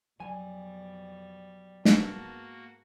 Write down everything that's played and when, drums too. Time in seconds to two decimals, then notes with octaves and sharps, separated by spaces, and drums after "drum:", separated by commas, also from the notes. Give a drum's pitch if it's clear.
0.20 F2 B2 F#3 G3 G#5
1.85 G#2 A#3 B3 F#4 A5, drum: snare